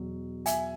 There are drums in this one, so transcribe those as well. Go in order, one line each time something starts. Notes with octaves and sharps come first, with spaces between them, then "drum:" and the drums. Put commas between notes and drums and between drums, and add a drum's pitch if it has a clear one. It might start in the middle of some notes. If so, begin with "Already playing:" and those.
Already playing: E2 B2 F#3
E5 G#5, drum: hi-hat